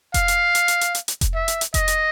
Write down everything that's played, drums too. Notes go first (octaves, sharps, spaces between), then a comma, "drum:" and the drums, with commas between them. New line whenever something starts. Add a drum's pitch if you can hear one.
F5, drum: kick F1, hi-hat
drum: hi-hat
drum: hi-hat
drum: hi-hat
drum: hi-hat
drum: hi-hat
drum: hi-hat
drum: kick F1, hi-hat
E5
drum: hi-hat
drum: hi-hat
D#5, drum: kick F1, hi-hat
drum: hi-hat